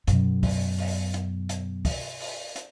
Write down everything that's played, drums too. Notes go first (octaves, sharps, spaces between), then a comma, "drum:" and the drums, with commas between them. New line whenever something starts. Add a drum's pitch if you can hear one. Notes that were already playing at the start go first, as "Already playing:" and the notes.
F#2 B2, drum: hi-hat
drum: kick, open hi-hat
drum: open hi-hat
drum: hi-hat
drum: hi-hat
drum: kick, open hi-hat
drum: open hi-hat
drum: hi-hat